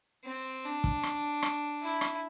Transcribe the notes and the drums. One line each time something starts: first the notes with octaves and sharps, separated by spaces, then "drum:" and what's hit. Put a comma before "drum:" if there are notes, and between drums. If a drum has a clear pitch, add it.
C4
D4
drum: kick
drum: rim click
drum: rim click
E4
drum: rim click